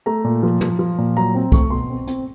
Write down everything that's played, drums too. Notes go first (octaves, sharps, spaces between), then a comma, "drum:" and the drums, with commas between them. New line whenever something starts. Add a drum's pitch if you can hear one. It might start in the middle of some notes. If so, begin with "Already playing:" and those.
A3 A#5
A#2
F3
F3, drum: tom
F3
A#2
F#3 A#5
C4
A3 C#6, drum: kick
B2 C6
C4
C4, drum: hi-hat